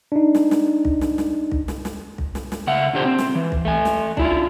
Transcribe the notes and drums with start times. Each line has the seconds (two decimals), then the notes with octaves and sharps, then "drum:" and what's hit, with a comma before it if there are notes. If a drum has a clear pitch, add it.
0.12 D4 D#4
0.35 drum: snare
0.51 drum: snare
0.85 drum: kick
1.01 drum: snare
1.18 drum: snare
1.51 drum: kick
1.68 drum: snare
1.85 drum: snare
2.18 drum: kick
2.35 drum: snare
2.52 drum: snare
2.67 C#3 E5 F#5
2.94 A#2 D3 D4 G4 C5
3.05 C4
3.18 drum: snare
3.35 E3
3.52 drum: kick
3.65 A3 G#5
3.85 drum: snare
4.17 D4 E4 F4, drum: kick